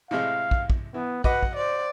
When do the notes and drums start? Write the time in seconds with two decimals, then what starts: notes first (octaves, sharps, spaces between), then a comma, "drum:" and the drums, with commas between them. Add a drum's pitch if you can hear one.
0.11 A2 C3 G#3 F5
0.51 drum: kick
0.70 drum: kick
0.94 E3 B3
1.24 F#4 B4 D#5 F#5 D6, drum: kick
1.43 drum: kick
1.56 C5 D5